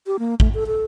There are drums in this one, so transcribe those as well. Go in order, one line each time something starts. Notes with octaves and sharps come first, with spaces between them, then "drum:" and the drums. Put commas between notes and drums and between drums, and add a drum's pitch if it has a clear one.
G4
A#3
A3, drum: kick A1
A4
A4